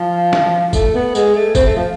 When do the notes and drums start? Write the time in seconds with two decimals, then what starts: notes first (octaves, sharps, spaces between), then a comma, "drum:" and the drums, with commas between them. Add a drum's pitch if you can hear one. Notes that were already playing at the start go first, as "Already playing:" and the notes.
Already playing: F3
0.33 drum: snare
0.73 A3, drum: kick, tambourine
0.94 B3
1.15 G#3, drum: tambourine
1.35 A3
1.55 C4, drum: kick, tambourine
1.66 A3
1.76 F3